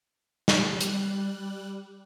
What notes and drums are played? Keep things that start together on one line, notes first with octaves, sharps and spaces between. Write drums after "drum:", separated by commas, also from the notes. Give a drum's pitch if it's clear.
G3 F#6, drum: snare
drum: hi-hat